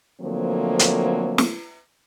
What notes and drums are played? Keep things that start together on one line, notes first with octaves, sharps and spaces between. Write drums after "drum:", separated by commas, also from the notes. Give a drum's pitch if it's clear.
D3 F3 F#3 A3 A#3 C4
drum: hi-hat
drum: snare